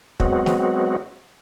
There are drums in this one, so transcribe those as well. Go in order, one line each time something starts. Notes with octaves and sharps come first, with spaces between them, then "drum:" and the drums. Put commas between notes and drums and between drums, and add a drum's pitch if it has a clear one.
F#3 G#3 B3 C4 F#4, drum: kick
drum: snare